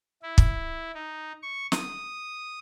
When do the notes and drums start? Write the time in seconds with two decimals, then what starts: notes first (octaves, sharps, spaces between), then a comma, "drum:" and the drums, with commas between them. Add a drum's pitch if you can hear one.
0.23 E4
0.38 drum: kick
0.94 D#4
1.43 C#6
1.72 D#6, drum: snare